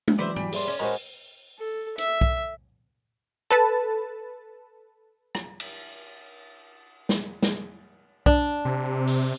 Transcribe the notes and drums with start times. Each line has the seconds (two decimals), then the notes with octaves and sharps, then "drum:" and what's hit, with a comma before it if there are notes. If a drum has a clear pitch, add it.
0.08 drum: tom G#3
0.19 E3 F#3 G#4 B4 C5 D5 E5
0.36 G3 G#5, drum: tom
0.52 G#4 D5 E5 C6, drum: open hi-hat
0.68 C#4
0.79 G#3 F#4 A#4 C5 G#5 A#5 B5
1.58 A4
1.98 E5, drum: hi-hat
2.21 drum: kick B1
3.51 A4 B4 A5
5.35 drum: rim click
5.60 drum: cymbal
7.09 drum: snare
7.42 drum: snare
8.26 D4, drum: kick B1
8.65 C3
9.07 drum: open hi-hat